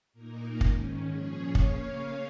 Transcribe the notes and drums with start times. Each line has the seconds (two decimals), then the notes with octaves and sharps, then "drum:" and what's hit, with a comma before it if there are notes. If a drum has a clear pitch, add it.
0.13 A#2 A#3 D#4 A#4
0.61 G#2 D#3 C#4, drum: kick
1.08 A#2 F3 C#4 G#4 C#5
1.55 C#3 A#3 C#4 C#5 F5, drum: kick